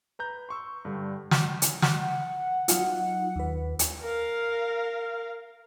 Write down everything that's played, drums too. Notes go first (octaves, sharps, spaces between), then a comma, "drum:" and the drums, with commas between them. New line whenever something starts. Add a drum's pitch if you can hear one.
B4 A#5 G6
C6 C#6 E6
G2 D3 G3
drum: snare
drum: hi-hat
F#5, drum: snare
F#3 D#4 F4, drum: hi-hat
D#2 B4
drum: hi-hat
A#4 F5